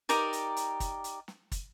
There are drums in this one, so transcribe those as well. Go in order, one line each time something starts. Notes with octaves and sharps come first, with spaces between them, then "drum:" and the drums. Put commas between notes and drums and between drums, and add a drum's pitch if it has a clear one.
D#4 G4 A#4 D5, drum: hi-hat
drum: hi-hat
drum: hi-hat
drum: kick, hi-hat
drum: hi-hat
drum: snare
drum: kick, hi-hat